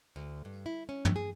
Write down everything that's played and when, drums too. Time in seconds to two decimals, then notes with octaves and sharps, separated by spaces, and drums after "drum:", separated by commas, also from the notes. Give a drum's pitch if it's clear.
0.16 D2
0.45 G2
0.66 E4
0.89 C#4
1.05 drum: tom
1.16 G#4